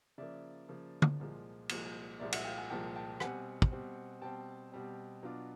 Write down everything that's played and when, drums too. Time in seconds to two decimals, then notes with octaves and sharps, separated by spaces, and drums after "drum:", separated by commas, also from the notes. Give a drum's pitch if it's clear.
0.18 C#3 F3 A#3 D5 E5
0.68 C#3 F3 A#3
1.02 drum: tom
1.19 C2 A#2 F3 G#3
1.69 C2 A#2 F3 G#3, drum: cymbal
2.20 C2 A#2 F3 G#3 D5 E5
2.32 E5 F#5, drum: cymbal
2.45 F5 G5
2.58 F#5 G#5
2.70 C2 A#2 F3 G#3 G5 A5
2.96 G5 A5
3.20 B2 G3 C4 F#5 G#5, drum: rim click
3.62 drum: kick
3.71 B2 G3 C4
4.22 B2 G3 C4 G5 A5
4.72 B2 G3 C4
5.23 B2 F#3 B3 D4 F4